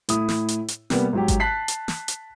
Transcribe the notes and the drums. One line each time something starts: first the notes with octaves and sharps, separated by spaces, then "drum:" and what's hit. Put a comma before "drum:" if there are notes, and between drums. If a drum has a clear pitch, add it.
A2 E4 D#6, drum: hi-hat
drum: snare
drum: hi-hat
drum: hi-hat
C3 G3 A#3 B3, drum: snare
G#2 F#3 G4
drum: kick G#1, hi-hat
A5 F#6 B6 C7
drum: hi-hat
drum: snare
drum: hi-hat